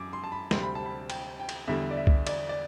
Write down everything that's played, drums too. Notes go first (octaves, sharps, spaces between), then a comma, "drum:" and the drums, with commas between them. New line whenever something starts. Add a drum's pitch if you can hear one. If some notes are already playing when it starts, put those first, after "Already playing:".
Already playing: F#2 D6
C6
A5
B5
D2 C3 G3 C4 C6, drum: snare
B5
A5
B5
G5, drum: cymbal
G5
drum: cymbal
E2 D3 G3 E5
D5
E5
drum: kick C2
D5, drum: cymbal
D5